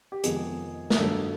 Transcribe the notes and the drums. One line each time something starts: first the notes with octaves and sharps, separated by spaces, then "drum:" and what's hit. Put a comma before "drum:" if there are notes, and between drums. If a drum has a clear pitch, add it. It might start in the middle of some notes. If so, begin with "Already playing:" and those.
G4
F2 C3 D#3 G#3 B3 G#4, drum: hi-hat
A#4, drum: snare
G2 D#3 F#3 A4